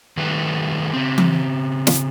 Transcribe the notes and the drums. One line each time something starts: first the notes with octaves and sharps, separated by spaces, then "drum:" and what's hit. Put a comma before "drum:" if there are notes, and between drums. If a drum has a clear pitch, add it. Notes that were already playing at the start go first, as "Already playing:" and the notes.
D#3 G3 A3 B4
C#3 C4
drum: tom E3
drum: snare